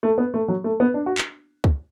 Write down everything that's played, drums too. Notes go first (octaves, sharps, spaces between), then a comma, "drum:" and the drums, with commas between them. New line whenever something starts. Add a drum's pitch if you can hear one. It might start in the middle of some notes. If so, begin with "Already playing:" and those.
A3
B3
A3
F#3
A3
B3
D4
F#4
drum: clap
drum: kick C#2